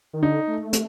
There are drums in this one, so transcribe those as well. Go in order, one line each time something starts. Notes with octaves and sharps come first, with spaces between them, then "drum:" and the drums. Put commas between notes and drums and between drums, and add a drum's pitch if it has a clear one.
D#3
D3 D#4
A3
drum: hi-hat